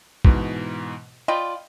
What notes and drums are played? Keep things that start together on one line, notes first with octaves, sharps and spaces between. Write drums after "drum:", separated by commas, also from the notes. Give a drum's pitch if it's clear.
G#2 B2 E3, drum: kick
F4 D5 D#5 G5 B5